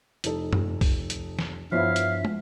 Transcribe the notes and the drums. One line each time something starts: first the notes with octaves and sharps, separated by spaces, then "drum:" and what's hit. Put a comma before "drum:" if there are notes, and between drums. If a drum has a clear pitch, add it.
F1 D#4 A4, drum: hi-hat
drum: tom
drum: kick, open hi-hat
drum: hi-hat
drum: snare
G2 F3 B3 E4 C5 C#5 E5 F5
drum: hi-hat
drum: tom